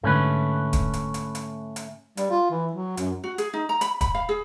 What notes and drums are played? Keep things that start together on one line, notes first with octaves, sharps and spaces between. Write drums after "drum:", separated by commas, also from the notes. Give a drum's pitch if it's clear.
G#2 D3 A3 C#4 B4
drum: kick, hi-hat
drum: hi-hat
drum: hi-hat
drum: hi-hat
drum: hi-hat
G3, drum: hi-hat
F4
E3
F#3
F#2, drum: hi-hat
F#4
G#4, drum: hi-hat
D#4
A#5
B5, drum: hi-hat
B5, drum: kick, hi-hat
F5
G#4